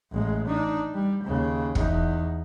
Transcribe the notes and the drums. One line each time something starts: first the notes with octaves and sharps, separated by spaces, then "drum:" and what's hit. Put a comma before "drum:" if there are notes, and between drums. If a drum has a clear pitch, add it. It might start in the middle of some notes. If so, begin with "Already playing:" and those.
A1 G#3
D4 D#4
G3
D#2 C#3
E2 D#4, drum: kick